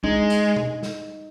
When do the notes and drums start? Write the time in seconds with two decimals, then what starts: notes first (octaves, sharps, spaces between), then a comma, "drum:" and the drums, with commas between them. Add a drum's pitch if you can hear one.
0.04 G#3 D#4, drum: kick B1
0.30 drum: hi-hat
0.56 drum: tom
0.83 drum: snare